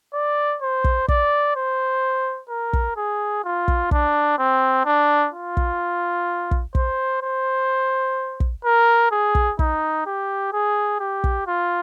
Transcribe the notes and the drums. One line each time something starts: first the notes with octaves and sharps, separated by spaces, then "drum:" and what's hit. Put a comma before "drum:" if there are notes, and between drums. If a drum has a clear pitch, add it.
D5
C5
drum: kick
D5, drum: kick
C5
A#4
drum: kick
G#4
F4
drum: kick
D4, drum: kick
C4
D4
F4
drum: kick
drum: kick
C5, drum: kick
C5
drum: kick
A#4
G#4
drum: kick
D#4, drum: kick
G4
G#4
G4
drum: kick
F4